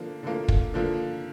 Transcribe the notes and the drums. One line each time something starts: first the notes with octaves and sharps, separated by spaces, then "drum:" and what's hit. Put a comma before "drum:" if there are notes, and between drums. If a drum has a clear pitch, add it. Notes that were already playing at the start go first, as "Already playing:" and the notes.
Already playing: D3 F3 A#3
D3 F3 A#3
drum: kick
D3 F3 A#3